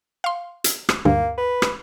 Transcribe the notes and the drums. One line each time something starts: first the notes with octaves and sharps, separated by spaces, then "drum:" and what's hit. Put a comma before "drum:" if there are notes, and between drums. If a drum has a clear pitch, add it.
F5 C6
drum: hi-hat
drum: rim click
D2 G2 A#3
B4
drum: rim click